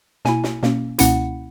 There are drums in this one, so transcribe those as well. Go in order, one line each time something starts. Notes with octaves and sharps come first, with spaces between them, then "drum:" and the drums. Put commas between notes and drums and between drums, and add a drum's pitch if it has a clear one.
B2 A#3 E4 G#5, drum: snare
drum: snare
B2 A#3 C#4, drum: snare
C#2 B2 A#3 C#4 E4 F#5, drum: hi-hat